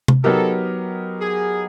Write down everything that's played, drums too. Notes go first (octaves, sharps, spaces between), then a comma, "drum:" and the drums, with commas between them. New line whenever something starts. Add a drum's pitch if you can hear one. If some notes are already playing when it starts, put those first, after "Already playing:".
drum: tom C3
F#3 B3 D#4 G4 A4 A#4
G#4